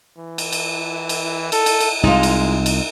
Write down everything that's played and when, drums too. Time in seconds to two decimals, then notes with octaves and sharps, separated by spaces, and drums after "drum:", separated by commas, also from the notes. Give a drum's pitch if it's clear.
0.17 E3
0.38 drum: cymbal
0.52 drum: cymbal
1.09 drum: cymbal
1.52 A4, drum: cymbal
1.66 drum: cymbal
1.80 drum: cymbal
2.03 C2 G#3 D#4 F4
2.23 drum: cymbal
2.66 drum: cymbal